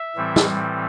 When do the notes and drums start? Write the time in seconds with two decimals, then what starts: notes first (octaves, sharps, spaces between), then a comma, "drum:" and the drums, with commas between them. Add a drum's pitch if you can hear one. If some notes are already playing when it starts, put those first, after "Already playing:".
Already playing: E5
0.16 A2 E3 G3 C4
0.36 drum: snare